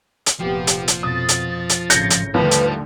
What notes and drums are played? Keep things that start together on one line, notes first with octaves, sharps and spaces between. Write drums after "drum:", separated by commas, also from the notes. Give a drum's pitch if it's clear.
drum: hi-hat
F1 A#2 F3 B3 F4 G4
drum: hi-hat
drum: hi-hat
F2 B2 D#6 A6
drum: hi-hat
drum: hi-hat
G#1 A2 C#3 G6 A#6 C#7, drum: hi-hat
drum: hi-hat
D#2 D3 F3 G3 A3 B4
drum: hi-hat